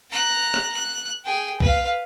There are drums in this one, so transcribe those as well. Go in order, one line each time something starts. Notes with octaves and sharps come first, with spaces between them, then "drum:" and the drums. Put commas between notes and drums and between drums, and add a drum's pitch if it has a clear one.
A#5 F#6
drum: rim click
F#6
G#4 G5
B4 F5, drum: kick B1